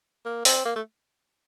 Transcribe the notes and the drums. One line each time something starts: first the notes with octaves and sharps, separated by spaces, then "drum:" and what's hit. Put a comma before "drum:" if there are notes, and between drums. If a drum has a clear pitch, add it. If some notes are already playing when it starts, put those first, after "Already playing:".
A#3
C4, drum: open hi-hat
A#3
A3